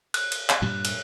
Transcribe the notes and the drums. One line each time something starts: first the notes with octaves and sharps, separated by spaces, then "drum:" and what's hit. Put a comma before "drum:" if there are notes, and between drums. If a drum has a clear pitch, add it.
F#6, drum: cymbal
drum: cymbal
drum: clap
G2 A#2 G3
drum: cymbal